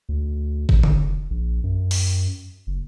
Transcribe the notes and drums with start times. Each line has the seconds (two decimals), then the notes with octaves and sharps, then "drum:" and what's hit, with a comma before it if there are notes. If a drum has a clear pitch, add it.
0.09 D2
0.69 A1, drum: kick
0.83 F1, drum: tom D3
1.30 A#1
1.64 F#2
1.91 drum: open hi-hat
2.67 F#1